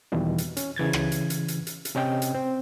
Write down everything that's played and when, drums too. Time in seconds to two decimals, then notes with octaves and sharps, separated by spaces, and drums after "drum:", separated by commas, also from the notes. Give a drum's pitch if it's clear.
0.12 E2 B2 D#3 E3 G3
0.38 drum: hi-hat
0.57 C#4, drum: hi-hat
0.76 C#3 E3 G#6 A6
0.93 drum: rim click
1.12 drum: hi-hat
1.30 drum: hi-hat
1.48 drum: hi-hat
1.67 drum: hi-hat
1.85 drum: hi-hat
1.95 C3 C#4 D#5 G5
2.22 drum: hi-hat
2.35 C4